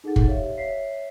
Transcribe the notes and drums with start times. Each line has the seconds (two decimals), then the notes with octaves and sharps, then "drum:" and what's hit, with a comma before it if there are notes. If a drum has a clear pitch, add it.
0.04 D#4 G#4 A4 F#5 A6
0.16 drum: kick
0.26 G4 C#5 E5 F5
0.57 C#5 E5 B6 C7